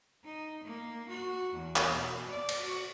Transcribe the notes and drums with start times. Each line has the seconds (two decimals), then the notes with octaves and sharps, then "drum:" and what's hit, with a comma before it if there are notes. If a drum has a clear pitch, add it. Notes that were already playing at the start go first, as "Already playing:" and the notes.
0.24 D#4
0.64 A#3
1.09 F#4
1.54 E2
1.76 drum: clap
1.91 B2
2.29 D5
2.49 drum: cymbal
2.59 F#4